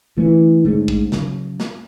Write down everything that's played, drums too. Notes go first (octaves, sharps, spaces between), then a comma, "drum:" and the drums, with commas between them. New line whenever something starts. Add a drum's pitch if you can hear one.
D3 E3 A3 C#4
G#2 D3 A3 C#4
drum: kick
C#3 F#3, drum: snare
drum: snare